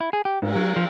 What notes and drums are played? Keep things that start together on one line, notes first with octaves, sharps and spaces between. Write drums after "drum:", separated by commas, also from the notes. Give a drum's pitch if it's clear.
E4
G#4
G4
G#2, drum: cymbal
F#3
F3